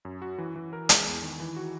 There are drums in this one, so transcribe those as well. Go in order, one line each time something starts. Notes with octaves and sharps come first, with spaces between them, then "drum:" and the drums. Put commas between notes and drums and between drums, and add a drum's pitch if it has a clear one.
F#2
F#4
E3
E3
A#4
G#3, drum: hi-hat
E2
D#3
E3
F#4